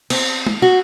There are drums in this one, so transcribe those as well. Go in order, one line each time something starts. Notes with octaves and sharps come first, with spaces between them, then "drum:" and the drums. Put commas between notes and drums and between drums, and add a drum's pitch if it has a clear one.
C4, drum: cymbal
drum: tom
F#4